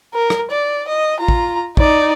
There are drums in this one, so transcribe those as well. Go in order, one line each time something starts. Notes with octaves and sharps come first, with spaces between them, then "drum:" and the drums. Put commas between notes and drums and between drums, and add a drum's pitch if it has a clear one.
A#4
drum: rim click
D5
D#5
F4 A#5
drum: kick
D#4 D5, drum: kick